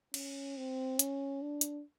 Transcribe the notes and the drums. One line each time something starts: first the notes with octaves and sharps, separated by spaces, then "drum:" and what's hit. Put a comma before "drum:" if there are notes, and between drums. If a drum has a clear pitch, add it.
C#4, drum: cymbal
C4
C#4, drum: hi-hat
D4
drum: hi-hat